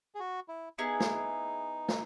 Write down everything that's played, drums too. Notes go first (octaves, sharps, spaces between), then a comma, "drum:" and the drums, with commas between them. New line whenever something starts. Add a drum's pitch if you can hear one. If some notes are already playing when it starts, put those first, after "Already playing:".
G#4
F#4
E4
B3 D#4 E4 G#4
drum: snare
drum: snare